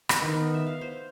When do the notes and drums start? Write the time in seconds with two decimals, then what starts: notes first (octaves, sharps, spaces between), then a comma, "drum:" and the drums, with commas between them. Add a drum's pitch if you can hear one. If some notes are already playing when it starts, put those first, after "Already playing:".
0.09 B4, drum: rim click
0.22 D#3
0.34 B3
0.54 E5
0.66 F5
0.81 C5